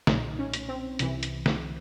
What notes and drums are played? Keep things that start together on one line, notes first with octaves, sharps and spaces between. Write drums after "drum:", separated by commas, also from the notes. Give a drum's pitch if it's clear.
B1 A#2 D#4, drum: snare
C#4
drum: hi-hat
C4
C2 C3 E3, drum: hi-hat
drum: hi-hat
drum: snare